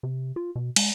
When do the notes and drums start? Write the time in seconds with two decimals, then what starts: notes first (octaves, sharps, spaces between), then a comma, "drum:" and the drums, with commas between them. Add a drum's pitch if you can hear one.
0.03 C3
0.36 F4
0.56 B2
0.76 G#3, drum: cymbal